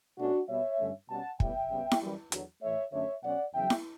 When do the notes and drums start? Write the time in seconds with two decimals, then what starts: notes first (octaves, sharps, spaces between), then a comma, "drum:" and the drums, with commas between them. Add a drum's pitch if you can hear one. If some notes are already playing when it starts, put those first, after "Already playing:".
0.18 B2 A3 C#4 D4 F#4
0.48 B2 G3 B3 C#5 E5
0.79 G2 D3 A3 C#4
1.09 B2 G3 C#4 F#5 A5
1.40 A2 G3 B3 E5 G5, drum: kick
1.71 C#3 G3 B3
1.91 drum: snare E4
2.01 F#2 E3 G3
2.32 E2 D3 F#3, drum: hi-hat
2.62 A2 E3 A3 C#5 E5
2.93 F#2 D3 A3 C#4 C#5 E5
3.23 B2 F#3 C#4 D5 F#5
3.54 E2 C#3 F#3 E5 G5
3.70 drum: snare E4